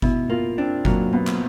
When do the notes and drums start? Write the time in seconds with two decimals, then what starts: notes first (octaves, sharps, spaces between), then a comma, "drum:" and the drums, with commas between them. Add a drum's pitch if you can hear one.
0.02 B2 E4, drum: kick G1
0.30 A#3 F4
0.58 C4 D4
0.85 F#3 A#3, drum: kick G1
1.13 B2 B3
1.27 drum: clap